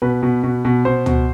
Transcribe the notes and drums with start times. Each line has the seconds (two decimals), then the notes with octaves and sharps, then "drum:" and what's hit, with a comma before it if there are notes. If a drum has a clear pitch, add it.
0.02 B2 B4
0.23 B2
0.44 B2
0.65 B2
0.85 B2 C5
1.06 B2, drum: tom C#2